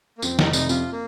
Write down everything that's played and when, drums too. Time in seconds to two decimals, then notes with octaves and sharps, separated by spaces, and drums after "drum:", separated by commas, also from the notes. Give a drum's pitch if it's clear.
0.18 A#3
0.22 F2 C4, drum: tambourine
0.39 F1 D#4, drum: snare
0.53 C3 D#4, drum: tambourine
0.69 F2 F4, drum: tambourine
0.92 A#3